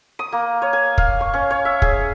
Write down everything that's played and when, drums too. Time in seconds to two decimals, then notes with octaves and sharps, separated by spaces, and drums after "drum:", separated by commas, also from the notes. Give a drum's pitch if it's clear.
0.19 D#6
0.32 A#3
0.62 C#5
0.73 G#5
0.98 F5, drum: kick
1.21 C#6
1.34 C#4
1.51 C#5
1.65 E5
1.82 G#4, drum: kick